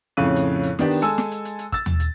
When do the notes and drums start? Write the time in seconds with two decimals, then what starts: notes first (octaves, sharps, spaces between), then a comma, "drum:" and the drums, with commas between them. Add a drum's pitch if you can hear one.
0.17 F2 A2 C#3 F5 F#6 D#7
0.36 drum: hi-hat
0.63 drum: hi-hat
0.79 D#3 B3 D4 G4, drum: snare
0.91 drum: open hi-hat
1.02 G#3 A4 G#5 E6, drum: hi-hat
1.18 drum: snare
1.32 drum: hi-hat
1.45 drum: hi-hat
1.59 drum: hi-hat
1.72 E6 A6, drum: kick, hi-hat
1.86 drum: tom D#2
2.00 drum: hi-hat